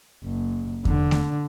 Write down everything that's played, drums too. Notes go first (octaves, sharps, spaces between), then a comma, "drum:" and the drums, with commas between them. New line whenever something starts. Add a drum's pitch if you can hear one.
F#1
D3, drum: kick E2
drum: snare A3